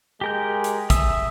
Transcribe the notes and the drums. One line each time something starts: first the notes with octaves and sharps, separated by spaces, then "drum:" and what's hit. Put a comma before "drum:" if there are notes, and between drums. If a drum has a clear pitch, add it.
G#3 G4 A#4 G6
drum: hi-hat
E5 D#6 E6, drum: kick, hi-hat